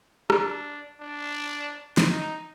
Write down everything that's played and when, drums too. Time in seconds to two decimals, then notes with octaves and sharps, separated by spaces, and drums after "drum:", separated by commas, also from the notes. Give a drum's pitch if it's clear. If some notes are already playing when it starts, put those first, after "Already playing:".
0.30 D4, drum: rim click
1.02 D4
1.97 drum: snare
2.10 D#4